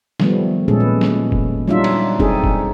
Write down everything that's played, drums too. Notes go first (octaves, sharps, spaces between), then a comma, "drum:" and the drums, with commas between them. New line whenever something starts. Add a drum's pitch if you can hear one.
D#3 F3 G3 A3 B3, drum: snare
A#2 G#3 C#4 G#4 A4
B4
drum: snare
drum: kick
F#3 G3 D4 D#4 F4 E5
drum: cymbal
C4 D4 D#4 G#4 A4, drum: kick
drum: kick